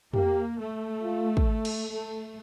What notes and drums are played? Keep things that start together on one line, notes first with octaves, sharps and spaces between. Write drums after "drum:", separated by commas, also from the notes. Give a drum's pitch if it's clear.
A#3 G4, drum: tom
A3
F4
drum: kick
drum: cymbal
A3 A4